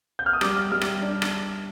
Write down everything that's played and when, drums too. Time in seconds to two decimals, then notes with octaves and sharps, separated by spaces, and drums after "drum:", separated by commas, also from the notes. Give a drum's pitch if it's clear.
0.19 G6
0.26 F6
0.33 D#6
0.41 G3 D6, drum: rim click
0.56 F6
0.72 G3 F6
0.81 drum: rim click
1.01 D4
1.22 drum: rim click